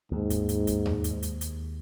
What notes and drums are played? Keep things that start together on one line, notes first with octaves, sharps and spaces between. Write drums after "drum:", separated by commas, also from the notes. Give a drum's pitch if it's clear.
D#2 G#2
drum: kick, hi-hat
drum: hi-hat
drum: kick, hi-hat
drum: tom E2
drum: hi-hat
drum: hi-hat
drum: hi-hat